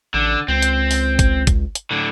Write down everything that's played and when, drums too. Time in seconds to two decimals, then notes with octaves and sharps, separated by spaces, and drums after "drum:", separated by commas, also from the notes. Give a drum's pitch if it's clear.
0.14 A1 D3
0.48 C#2 C4
0.62 drum: hi-hat
0.91 drum: open hi-hat
1.19 drum: kick, hi-hat
1.47 drum: kick, hi-hat
1.75 drum: hi-hat
1.91 A2 D3